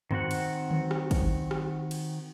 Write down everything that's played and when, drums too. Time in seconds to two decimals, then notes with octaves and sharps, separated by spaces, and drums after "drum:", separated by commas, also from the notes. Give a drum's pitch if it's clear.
0.11 D#3 C4 F#4 F#5, drum: tom G2
0.31 drum: cymbal
0.71 drum: tom D3
0.91 drum: rim click
1.11 drum: kick, cymbal
1.51 drum: rim click
1.91 drum: cymbal